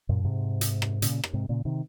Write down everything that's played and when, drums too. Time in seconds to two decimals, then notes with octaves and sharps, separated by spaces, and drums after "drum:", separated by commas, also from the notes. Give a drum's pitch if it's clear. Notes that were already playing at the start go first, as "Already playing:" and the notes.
0.09 F#2 A#2
0.25 G#2 C3
0.61 drum: hi-hat
0.82 drum: rim click
1.02 A#2 C#3, drum: hi-hat
1.24 drum: rim click
1.33 G#2 C3
1.49 A#2 C#3
1.65 C3 D#3